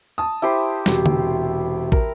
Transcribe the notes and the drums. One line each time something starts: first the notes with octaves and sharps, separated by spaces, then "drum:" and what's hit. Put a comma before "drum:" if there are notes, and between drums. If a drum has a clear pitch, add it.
A5 D#6
E4 G4 C5
E1 C3, drum: snare
drum: tom D3
A#4, drum: kick